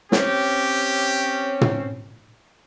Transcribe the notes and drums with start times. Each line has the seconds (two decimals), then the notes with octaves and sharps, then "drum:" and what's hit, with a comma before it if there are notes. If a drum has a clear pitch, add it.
0.12 C4 C#4 G4, drum: snare
1.61 drum: tom